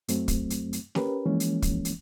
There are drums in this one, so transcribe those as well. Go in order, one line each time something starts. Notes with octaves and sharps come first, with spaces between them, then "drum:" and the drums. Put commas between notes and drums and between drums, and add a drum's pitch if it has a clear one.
F#2 F#3 A3 C4, drum: hi-hat
drum: kick, hi-hat
drum: hi-hat
drum: hi-hat
C#4 G4 A#4 B4, drum: snare
E3 F3 G#3 A#3 C#4
drum: hi-hat
drum: kick, hi-hat
drum: hi-hat